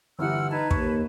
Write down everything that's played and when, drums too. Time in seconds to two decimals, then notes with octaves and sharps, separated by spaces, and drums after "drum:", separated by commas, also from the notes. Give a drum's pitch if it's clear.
0.19 G1 E3 G4 F#5 E6 F6
0.51 D#4 B4 A5 G#6
0.71 D#2 C#6, drum: kick